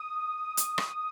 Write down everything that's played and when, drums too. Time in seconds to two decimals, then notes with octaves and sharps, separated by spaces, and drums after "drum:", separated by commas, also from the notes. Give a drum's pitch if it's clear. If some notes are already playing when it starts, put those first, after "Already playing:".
Already playing: D#6
0.57 drum: hi-hat
0.78 drum: rim click